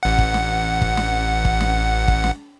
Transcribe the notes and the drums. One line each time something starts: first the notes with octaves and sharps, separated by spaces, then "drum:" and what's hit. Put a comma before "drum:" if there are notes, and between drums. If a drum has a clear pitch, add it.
A1 F#5
drum: kick
drum: snare
drum: kick
drum: snare
drum: kick
drum: snare
drum: kick
drum: snare